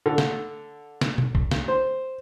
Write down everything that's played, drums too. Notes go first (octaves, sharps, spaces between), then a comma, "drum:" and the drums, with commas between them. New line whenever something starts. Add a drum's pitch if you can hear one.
D3
drum: snare
drum: snare
drum: tom
drum: kick B1
drum: snare
C5